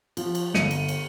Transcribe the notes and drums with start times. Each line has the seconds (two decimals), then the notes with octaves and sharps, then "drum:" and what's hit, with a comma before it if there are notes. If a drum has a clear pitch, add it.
0.17 F3, drum: cymbal
0.35 drum: cymbal
0.54 G1 C#7 D#7, drum: snare
0.71 drum: cymbal
0.89 drum: cymbal